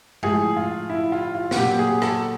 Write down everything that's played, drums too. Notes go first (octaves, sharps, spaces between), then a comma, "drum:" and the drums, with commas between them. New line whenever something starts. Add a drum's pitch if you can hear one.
A2 F3 G#4, drum: tom G#3
F4
E4
F4
F4
F#4, drum: snare
A#2 F#3 G4
G#4
A4, drum: rim click